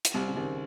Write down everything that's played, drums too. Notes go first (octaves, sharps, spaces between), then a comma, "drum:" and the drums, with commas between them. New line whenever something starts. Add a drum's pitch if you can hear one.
drum: hi-hat
C2 G3
C#3
C2 D#3